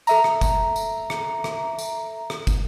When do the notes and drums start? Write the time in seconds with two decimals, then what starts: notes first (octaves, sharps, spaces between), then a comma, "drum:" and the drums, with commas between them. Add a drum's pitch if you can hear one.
0.07 A4 E5 A#5, drum: tambourine
0.24 drum: rim click
0.41 drum: kick, tambourine
0.76 drum: tambourine
1.10 drum: rim click
1.44 drum: rim click
1.79 drum: tambourine
2.30 drum: rim click
2.47 drum: kick, tambourine